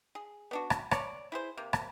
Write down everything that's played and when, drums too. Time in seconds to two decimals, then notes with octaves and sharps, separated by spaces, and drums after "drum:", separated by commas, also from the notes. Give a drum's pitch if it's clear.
0.15 G#4
0.51 B3 D4 F#4
0.70 drum: rim click
0.91 C#5 D5, drum: rim click
1.32 E4 G#4 C5
1.57 C3 A#3
1.73 drum: rim click